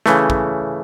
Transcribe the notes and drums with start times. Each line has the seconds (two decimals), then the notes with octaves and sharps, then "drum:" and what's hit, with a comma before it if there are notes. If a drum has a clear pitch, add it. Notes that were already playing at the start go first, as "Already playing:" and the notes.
0.06 C#3 E3 A3, drum: snare
0.30 drum: kick